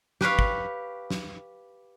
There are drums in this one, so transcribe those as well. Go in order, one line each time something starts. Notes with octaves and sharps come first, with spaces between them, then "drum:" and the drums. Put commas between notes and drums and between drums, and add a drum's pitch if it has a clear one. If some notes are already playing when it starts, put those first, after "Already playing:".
G4 B4 C#5 F5, drum: snare
drum: kick
drum: snare